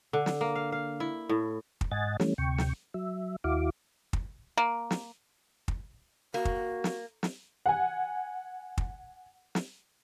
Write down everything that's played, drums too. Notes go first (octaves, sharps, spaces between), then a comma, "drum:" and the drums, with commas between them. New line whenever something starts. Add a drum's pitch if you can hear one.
D3
drum: snare
A#3
F5
F5
E4
A2
drum: kick
G#2 D#5 F#5 G#5 A6
E3 G3 A3 C#4, drum: snare
D2 C3 G5 C#6
drum: snare
F#3 E5
D#2 E4 F#4 F5 D6
drum: kick
A#3
drum: snare
drum: kick
A#3 F#4
drum: kick
drum: snare
drum: snare
F#5 G#5
drum: kick
drum: snare